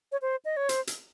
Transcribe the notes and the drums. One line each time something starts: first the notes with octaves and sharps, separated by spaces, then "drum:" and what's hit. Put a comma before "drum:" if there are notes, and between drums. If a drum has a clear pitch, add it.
C#5
C5
D#5
C#5
C5, drum: hi-hat
drum: hi-hat